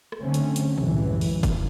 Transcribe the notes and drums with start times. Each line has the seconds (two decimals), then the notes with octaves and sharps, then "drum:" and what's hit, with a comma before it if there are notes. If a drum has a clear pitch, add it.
0.12 drum: rim click
0.22 D3 F#3 A3 C4 C#4
0.34 drum: hi-hat
0.56 drum: hi-hat
0.78 C2 F#2 A2 E3 G#3, drum: tom
1.21 drum: open hi-hat
1.43 drum: kick, hi-hat